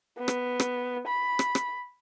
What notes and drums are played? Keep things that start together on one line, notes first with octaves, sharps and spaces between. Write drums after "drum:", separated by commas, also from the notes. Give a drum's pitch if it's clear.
B3
drum: rim click
drum: rim click
B5
drum: rim click
drum: rim click